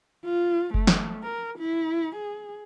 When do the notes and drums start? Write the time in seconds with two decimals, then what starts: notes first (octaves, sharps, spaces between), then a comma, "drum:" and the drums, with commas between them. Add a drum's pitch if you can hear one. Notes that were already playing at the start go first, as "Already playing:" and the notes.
0.25 F4
0.74 A3, drum: kick F#1
0.87 drum: snare
1.23 A#4
1.59 E4
2.16 G#4